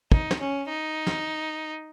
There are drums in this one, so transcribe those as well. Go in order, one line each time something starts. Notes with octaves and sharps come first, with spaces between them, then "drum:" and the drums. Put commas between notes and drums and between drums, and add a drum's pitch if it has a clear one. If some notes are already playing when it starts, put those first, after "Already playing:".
D#4, drum: kick
drum: snare
C#4
D#4
drum: snare